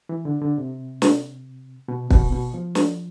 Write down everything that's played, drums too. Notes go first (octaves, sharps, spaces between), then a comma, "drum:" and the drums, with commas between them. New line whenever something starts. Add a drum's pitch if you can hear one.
E3
D3
D3
C3
drum: snare
B2
B2, drum: kick
B2
F3
drum: snare